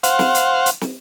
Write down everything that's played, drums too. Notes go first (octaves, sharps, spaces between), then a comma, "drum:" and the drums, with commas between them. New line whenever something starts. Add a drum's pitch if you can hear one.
C5 F5 F#5, drum: hi-hat
drum: snare
drum: hi-hat
drum: hi-hat
drum: snare